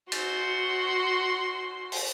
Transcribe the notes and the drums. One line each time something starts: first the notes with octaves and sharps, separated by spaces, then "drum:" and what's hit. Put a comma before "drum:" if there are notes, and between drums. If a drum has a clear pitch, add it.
F#4 C6, drum: cymbal
drum: open hi-hat